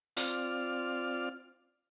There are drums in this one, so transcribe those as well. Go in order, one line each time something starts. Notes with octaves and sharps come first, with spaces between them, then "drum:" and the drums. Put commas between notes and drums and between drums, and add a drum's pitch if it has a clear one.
C4 F4 D5 F6, drum: open hi-hat